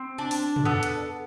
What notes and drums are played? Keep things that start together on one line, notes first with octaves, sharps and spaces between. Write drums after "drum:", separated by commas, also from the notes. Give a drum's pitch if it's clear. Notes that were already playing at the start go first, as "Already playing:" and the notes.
Already playing: C4
D4
drum: open hi-hat
drum: tom
B3 A4
drum: hi-hat